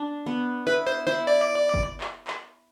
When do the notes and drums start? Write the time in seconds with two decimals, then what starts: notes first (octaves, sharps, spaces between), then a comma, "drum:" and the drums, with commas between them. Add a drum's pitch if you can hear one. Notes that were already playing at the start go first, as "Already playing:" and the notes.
Already playing: D4
0.26 B3
0.67 E4 B4
0.87 C5
1.06 E4 C5
1.27 D5
1.74 drum: kick F#1
2.01 drum: clap
2.27 drum: clap